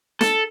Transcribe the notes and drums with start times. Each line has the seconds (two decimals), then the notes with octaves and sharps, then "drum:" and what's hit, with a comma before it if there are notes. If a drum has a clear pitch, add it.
0.21 A4, drum: snare